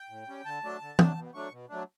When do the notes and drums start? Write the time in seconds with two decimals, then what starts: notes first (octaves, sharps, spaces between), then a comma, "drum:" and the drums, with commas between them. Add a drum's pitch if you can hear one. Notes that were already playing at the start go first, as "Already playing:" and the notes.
Already playing: G5
0.10 A2
0.27 G3 C#4
0.45 D3 A5
0.63 F#3 A3 D4
0.81 D3
0.99 F#3 A3 D4, drum: tom
1.17 B2
1.34 F#3 A3 D4 C#6
1.51 B2
1.69 F#3 A3 D4